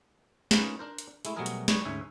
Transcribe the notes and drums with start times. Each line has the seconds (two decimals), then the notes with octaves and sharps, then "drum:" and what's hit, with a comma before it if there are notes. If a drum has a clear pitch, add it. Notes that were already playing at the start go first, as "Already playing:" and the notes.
0.51 C#4 D#4 F4 G#4 A#4 B4, drum: snare
0.79 D4 A#4 C5
0.98 drum: hi-hat
1.25 G#3 A3 E4, drum: hi-hat
1.36 B2 F#3 G3 A3 G#4 A#4
1.46 drum: hi-hat
1.68 G3 D4 D#4 G4 B4 C#5, drum: snare
1.85 D2 G#2 C#4 E5 G#5